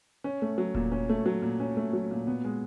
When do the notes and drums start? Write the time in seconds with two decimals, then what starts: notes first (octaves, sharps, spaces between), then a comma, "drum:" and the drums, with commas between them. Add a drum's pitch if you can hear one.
0.24 C#4
0.42 A3
0.58 F#3
0.75 A#2, drum: kick E1
0.92 C#4
1.09 A3
1.26 F#3
1.42 A#2
1.60 C#4
1.77 A3
1.93 F#3
2.11 A#2
2.27 B3
2.44 G#3